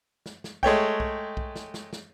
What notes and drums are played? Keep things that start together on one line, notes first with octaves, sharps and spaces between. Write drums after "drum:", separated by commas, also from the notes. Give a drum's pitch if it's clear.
drum: snare
drum: snare
G#3 A3 C#5 G5, drum: kick B1
drum: kick B1
drum: kick B1
drum: snare
drum: snare
drum: snare